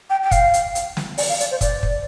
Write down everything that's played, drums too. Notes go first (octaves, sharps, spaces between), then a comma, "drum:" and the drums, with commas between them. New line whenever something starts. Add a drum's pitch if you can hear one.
G5
G5
F5, drum: kick, hi-hat
drum: hi-hat
drum: hi-hat
drum: snare
D5, drum: open hi-hat
F5
D5, drum: hi-hat
C5
D5, drum: kick, hi-hat
drum: kick